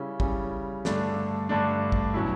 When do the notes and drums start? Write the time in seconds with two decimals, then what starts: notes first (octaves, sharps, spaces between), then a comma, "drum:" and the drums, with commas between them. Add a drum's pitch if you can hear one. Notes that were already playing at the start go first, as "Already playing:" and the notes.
Already playing: C#3 G3 C#4 E4
0.20 C#3 G3 C#4 E4, drum: kick
0.85 G2 D3 A3 D4, drum: snare
1.49 G2 D3 A3 D4
1.92 drum: kick
2.14 B2 F#3 C#4 E4